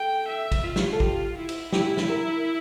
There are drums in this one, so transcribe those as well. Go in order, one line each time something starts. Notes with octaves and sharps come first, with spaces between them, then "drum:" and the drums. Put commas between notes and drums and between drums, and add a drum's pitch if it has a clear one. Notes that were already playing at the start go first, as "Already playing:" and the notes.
Already playing: A4 G5
E5
drum: kick, cymbal
F4
drum: snare
A4
F4 G4, drum: kick
E4
drum: cymbal
E4 G4, drum: snare
drum: snare
A#4